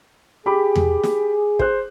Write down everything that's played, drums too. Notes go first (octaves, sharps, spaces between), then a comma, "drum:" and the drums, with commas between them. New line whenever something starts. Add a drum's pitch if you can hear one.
G4 G#4 B5 D6
drum: tom E2
drum: snare
C5 F#6, drum: kick